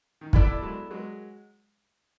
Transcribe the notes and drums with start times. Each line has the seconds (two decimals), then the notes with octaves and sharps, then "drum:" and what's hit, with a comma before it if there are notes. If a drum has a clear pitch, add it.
0.21 D#3
0.33 E3 B3 E4 A4 D5, drum: kick
0.62 F#3 G#3
0.91 F#3 G#3